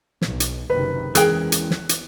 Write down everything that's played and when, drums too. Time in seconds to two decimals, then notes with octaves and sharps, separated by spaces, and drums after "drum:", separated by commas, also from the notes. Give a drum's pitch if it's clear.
0.22 B1, drum: snare
0.40 drum: hi-hat
0.70 F#1 C3 D#3 B4
1.15 E2 E3 G#3 C#4 G#4 A#4 G5 F#6, drum: hi-hat
1.52 drum: hi-hat
1.71 drum: snare
1.89 drum: hi-hat